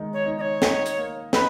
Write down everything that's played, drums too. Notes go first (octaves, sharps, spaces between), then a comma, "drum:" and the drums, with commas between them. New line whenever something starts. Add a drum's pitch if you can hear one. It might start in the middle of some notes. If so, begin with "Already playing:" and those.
Already playing: D#3 G#3 D#4
C#5
D#4
D#5
C#5
D#4, drum: snare
drum: hi-hat
A#3
D#4 B4, drum: snare